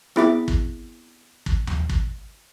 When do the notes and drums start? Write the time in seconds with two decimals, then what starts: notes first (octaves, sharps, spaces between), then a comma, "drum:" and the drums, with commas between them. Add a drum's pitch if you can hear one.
0.16 B3 C4 E4 G#4 E5 D6, drum: rim click
0.48 drum: kick
1.46 drum: kick
1.67 drum: tom D#2
1.89 drum: kick